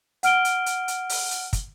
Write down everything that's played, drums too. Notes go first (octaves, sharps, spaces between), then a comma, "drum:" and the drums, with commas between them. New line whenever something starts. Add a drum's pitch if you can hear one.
F#5 F6 D7 G7, drum: hi-hat
drum: hi-hat
drum: hi-hat
drum: hi-hat
drum: open hi-hat
drum: hi-hat
drum: kick, hi-hat